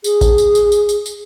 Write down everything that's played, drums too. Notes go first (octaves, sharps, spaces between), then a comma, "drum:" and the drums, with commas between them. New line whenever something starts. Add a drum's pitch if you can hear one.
G#4, drum: tambourine
drum: kick A1, tambourine
drum: tambourine
drum: tambourine
drum: tambourine
drum: tambourine
drum: tambourine